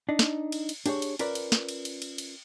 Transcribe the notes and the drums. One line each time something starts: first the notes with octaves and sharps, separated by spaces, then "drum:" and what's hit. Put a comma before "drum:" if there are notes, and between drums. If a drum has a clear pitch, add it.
D4 D#4
drum: snare
drum: cymbal
drum: cymbal
D4 G4 G#4 C5 C#5, drum: cymbal
drum: cymbal
C#4 F4 A#4 B4 D5, drum: cymbal
drum: cymbal
drum: snare
drum: cymbal
drum: cymbal
drum: cymbal
drum: cymbal